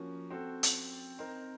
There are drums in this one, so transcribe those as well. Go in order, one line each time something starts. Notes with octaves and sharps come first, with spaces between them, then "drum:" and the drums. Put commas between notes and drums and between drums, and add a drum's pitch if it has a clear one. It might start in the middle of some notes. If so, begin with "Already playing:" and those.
Already playing: F3 A#3 C#4 F#4
C4 F#4 A4
drum: hi-hat
C4 D#4 A#4